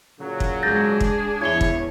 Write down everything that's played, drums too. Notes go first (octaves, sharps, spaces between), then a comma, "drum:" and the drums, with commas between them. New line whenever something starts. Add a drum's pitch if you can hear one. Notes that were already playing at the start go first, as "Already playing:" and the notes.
A#2 C#3 F#3
drum: kick
G#2 D4 G#4 G6 A6 A#6
drum: kick
E2 E4 C#5 G#6 G7
drum: kick